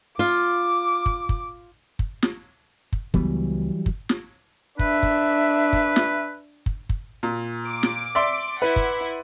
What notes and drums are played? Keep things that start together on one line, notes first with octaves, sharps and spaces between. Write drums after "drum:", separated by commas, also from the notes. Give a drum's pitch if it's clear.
F4 D6
drum: kick
drum: kick
drum: kick
drum: snare
drum: kick
C#2 E3 F#3 G3 B3, drum: kick
drum: kick
drum: snare
D4 B4 E5, drum: kick
drum: kick
drum: kick
drum: snare
drum: kick
drum: kick
A#2
D6
drum: snare
D5 E5 C6
E4 B4 F#5
drum: kick